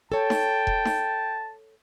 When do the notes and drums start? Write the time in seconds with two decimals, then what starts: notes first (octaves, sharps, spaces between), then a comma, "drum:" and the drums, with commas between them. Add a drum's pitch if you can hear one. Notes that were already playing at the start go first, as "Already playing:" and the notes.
0.12 A4 C#5 G5 A5
0.30 drum: snare D#4
0.67 drum: kick E1
0.85 drum: snare D#4